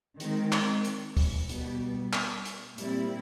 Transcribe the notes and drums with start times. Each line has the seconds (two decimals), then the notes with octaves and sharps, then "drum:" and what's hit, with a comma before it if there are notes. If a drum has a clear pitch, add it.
0.20 D#3 G#3 C4, drum: hi-hat
0.52 drum: clap
0.84 drum: hi-hat
1.17 drum: kick, open hi-hat
1.49 B2 G3 B3, drum: hi-hat
2.13 drum: clap
2.45 drum: hi-hat
2.78 A#2 G3 C4 E4, drum: hi-hat